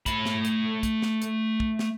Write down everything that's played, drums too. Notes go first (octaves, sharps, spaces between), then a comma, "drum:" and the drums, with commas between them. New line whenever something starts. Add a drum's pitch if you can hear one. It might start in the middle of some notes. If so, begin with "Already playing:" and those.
A3 B5, drum: kick, hi-hat
drum: snare
drum: hi-hat
drum: kick, hi-hat
drum: snare
drum: hi-hat
drum: kick
drum: snare